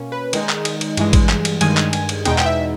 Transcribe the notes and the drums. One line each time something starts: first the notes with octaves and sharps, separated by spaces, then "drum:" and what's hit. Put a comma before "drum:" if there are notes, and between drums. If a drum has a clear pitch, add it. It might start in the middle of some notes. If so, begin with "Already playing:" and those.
Already playing: B2 A#3 C#4
B4
D#3 G#3 D#4, drum: cymbal
drum: clap
drum: cymbal
drum: cymbal
G2 E3 G#3, drum: cymbal
drum: kick, cymbal
drum: clap
drum: cymbal
G2 D#3 G#3 G#5, drum: cymbal
drum: clap
drum: cymbal
drum: cymbal
E2 B2 G#3 B3 D#4 G5, drum: cymbal
G5, drum: clap
E5